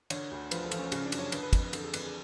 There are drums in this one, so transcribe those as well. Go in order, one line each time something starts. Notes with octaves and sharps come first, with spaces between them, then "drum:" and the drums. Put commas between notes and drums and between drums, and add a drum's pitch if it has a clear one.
D3 C#5, drum: cymbal
D2
F3 B4, drum: cymbal
A4
F3, drum: cymbal
C#4
C#3 C#4, drum: cymbal
D4
F#2, drum: cymbal
C#5
D3 B4, drum: cymbal
B4
F2 B4, drum: kick, cymbal
B4
D3 A4, drum: cymbal
G#4
F2 B4, drum: cymbal
G#4